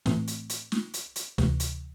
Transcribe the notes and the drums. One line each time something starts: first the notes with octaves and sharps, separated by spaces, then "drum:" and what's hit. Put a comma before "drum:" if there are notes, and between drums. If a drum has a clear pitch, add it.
A2 E3 A3 C4, drum: snare
drum: hi-hat
drum: hi-hat
drum: snare
drum: hi-hat
drum: hi-hat
D2 C3 E3, drum: snare
drum: hi-hat